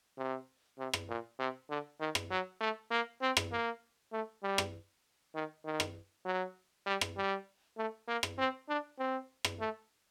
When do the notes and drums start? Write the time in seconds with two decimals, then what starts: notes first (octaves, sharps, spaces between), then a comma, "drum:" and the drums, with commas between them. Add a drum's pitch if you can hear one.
0.17 C3
0.78 C3
0.93 drum: rim click
1.09 A#2
1.39 C3
1.70 D3
2.00 D#3
2.15 drum: rim click
2.30 F#3
2.61 A3
2.91 A#3
3.22 C4
3.37 drum: rim click
3.52 A#3
4.12 A3
4.43 G3
4.58 drum: rim click
5.35 D#3
5.64 D#3
5.80 drum: rim click
6.25 F#3
6.86 G3
7.01 drum: rim click
7.17 G3
7.77 A3
8.08 A#3
8.23 drum: rim click
8.38 C4
8.69 D4
8.99 C4
9.45 drum: rim click
9.60 A3